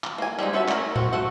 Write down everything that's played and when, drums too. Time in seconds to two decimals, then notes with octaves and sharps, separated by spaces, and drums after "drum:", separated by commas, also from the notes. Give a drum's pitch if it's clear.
0.04 drum: clap
0.18 A#3 G#5
0.39 G3 G#3 C4 D#4
0.53 C#4 F#4 A4 C5 E5
0.68 A3 A#4, drum: clap
0.96 C4 F#4, drum: tom
1.13 A3 F#4 A4 F#5